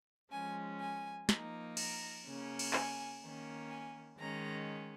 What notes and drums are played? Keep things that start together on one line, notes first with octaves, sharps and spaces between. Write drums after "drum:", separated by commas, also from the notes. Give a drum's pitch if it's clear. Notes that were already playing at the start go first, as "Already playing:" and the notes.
F3 G#3 C#4 G#5
G#5
F3 A#3 D#4, drum: snare
A#5, drum: cymbal
C#3 A#3 C#4
drum: cymbal
G#5, drum: clap
D#3 A#3 C#4
G#5
D#3 G#3 C#4 A#5